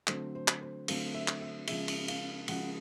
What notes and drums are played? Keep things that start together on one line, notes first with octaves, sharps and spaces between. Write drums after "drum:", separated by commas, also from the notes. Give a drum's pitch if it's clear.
D3 F#3 A3 C4 C5, drum: clap
C5
drum: clap
C5
D3 F#3 A3 C4 F5, drum: cymbal
E5
drum: clap
E5
C#3 F3 G#3 E5, drum: cymbal
drum: cymbal
F5, drum: cymbal
C#3 F3 G#3 F#5, drum: cymbal